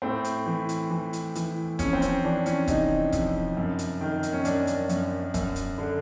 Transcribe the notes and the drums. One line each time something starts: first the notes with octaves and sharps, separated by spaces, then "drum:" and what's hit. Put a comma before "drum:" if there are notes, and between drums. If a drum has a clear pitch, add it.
A2 C4
drum: hi-hat
E3
drum: hi-hat
E3
drum: hi-hat
E3, drum: hi-hat
F2 C#4, drum: kick, hi-hat
C4
C#4, drum: hi-hat
E3 D4
C#4, drum: hi-hat
C3 D#4, drum: kick, hi-hat
F2, drum: kick, hi-hat
F#2
drum: hi-hat
D#3
drum: hi-hat
C#4
F#2 D4, drum: hi-hat
drum: hi-hat
F#2, drum: hi-hat
F#2, drum: kick, hi-hat
drum: hi-hat
D3